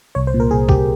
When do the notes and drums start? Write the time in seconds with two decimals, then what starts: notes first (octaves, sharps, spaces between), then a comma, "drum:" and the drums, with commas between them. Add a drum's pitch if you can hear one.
0.15 C2 C#5
0.27 C5
0.34 A#2
0.40 A#4
0.51 C2 G#4
0.69 C2 G4, drum: kick C2